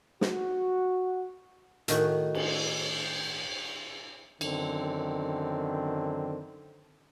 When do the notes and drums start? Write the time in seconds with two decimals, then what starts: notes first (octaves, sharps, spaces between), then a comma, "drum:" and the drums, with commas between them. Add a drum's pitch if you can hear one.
0.21 F#4, drum: snare
1.88 A2 D#3 F#4, drum: hi-hat
2.35 drum: cymbal
4.41 F#2 D3 D#3 C4, drum: cymbal